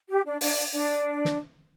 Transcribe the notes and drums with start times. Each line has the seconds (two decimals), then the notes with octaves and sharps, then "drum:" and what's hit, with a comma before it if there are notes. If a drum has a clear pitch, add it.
0.10 G4
0.25 D4
0.41 D4, drum: open hi-hat
0.72 D4
1.25 drum: snare